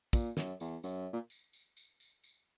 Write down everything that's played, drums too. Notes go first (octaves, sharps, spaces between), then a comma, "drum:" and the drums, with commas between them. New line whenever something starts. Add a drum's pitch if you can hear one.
A#2, drum: kick, tambourine
F#2, drum: snare
E2, drum: tambourine
F#2, drum: tambourine
A#2
drum: tambourine
drum: tambourine
drum: tambourine
drum: tambourine
drum: tambourine